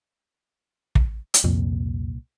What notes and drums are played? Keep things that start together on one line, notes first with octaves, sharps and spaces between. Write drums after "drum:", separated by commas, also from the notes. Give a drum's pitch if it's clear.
drum: kick
drum: hi-hat
C2 F2 A#2